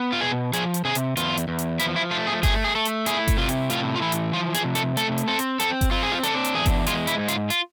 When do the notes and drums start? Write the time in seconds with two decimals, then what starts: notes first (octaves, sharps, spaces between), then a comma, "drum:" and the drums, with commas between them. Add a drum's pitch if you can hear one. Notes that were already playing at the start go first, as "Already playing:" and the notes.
Already playing: B3
0.12 F4
0.21 B2 G#4
0.53 F3 G#4, drum: hi-hat
0.74 drum: hi-hat
0.85 C3 G#4
0.95 drum: hi-hat
1.17 E2 F4, drum: hi-hat
1.37 drum: hi-hat
1.48 E2
1.59 drum: hi-hat
1.79 F3 E4, drum: hi-hat
1.96 E4
2.11 A3 F4
2.27 G#4
2.43 A3 G#4, drum: kick G1, hi-hat
2.64 G#4
2.75 A3 A4
2.85 drum: hi-hat
3.06 E4 G#4, drum: hi-hat
3.28 drum: kick G1, hi-hat
3.37 C3 F4
3.49 drum: hi-hat
3.70 A2 F4, drum: hi-hat
3.96 F4
4.02 E3 E4
4.12 drum: hi-hat
4.33 F3 F4
4.54 G#4, drum: hi-hat
4.65 C3
4.75 A4, drum: hi-hat
4.97 A3 A4, drum: hi-hat
5.18 drum: hi-hat
5.28 C4 A4
5.39 drum: hi-hat
5.60 C4 A4, drum: hi-hat
5.81 drum: kick G1, hi-hat
5.91 C4 F4
6.03 G#4
6.12 F4
6.23 D4 A4, drum: hi-hat
6.44 drum: hi-hat
6.55 E2 G#4
6.66 drum: kick G1, hi-hat
6.87 G#3 F4, drum: hi-hat
7.07 E4, drum: hi-hat
7.18 G#2
7.28 F4, drum: hi-hat
7.50 F4, drum: hi-hat